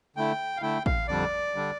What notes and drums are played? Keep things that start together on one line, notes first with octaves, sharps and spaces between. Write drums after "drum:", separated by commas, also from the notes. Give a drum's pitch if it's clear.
D3 A3 E4 G5
F5
D3 A3 E4 G5
F5, drum: kick A1
F2 D3 G3 D4 D5
D3 G3 D4